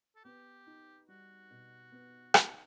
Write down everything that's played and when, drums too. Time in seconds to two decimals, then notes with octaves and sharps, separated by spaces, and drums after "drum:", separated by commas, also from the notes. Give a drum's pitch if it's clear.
0.16 A4
0.24 B3 G4
0.67 D#4
1.09 G3 F#4
1.51 B2
1.92 B3
2.34 D#4, drum: rim click